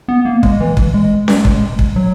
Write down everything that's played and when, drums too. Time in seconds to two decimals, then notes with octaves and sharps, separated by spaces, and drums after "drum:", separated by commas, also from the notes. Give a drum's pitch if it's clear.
0.08 B3
0.25 A#3
0.43 G#3, drum: kick
0.60 E3
0.77 drum: kick
0.94 G#3
1.28 drum: snare C#4
1.45 drum: kick
1.79 drum: kick
1.96 F#3